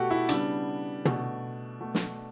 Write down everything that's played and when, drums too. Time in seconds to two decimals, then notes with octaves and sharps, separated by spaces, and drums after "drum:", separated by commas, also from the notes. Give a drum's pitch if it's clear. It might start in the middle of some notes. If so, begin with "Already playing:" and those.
Already playing: B2 A3 F#4 G4 A4
0.11 E4
0.29 C#3 G3 B3 D4, drum: hi-hat
1.05 B2 A3, drum: tom
1.80 B2 A3
1.95 drum: snare